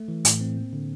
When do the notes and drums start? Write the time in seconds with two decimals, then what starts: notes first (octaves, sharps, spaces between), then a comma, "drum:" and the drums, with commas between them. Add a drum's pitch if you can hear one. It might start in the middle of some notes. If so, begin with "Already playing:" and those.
Already playing: A3
0.08 E3
0.25 A2, drum: hi-hat
0.41 C4
0.57 A#3
0.73 D3